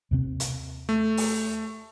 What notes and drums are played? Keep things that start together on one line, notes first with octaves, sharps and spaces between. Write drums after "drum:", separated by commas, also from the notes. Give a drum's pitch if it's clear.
D#2 C3 C4
drum: hi-hat
A3
drum: open hi-hat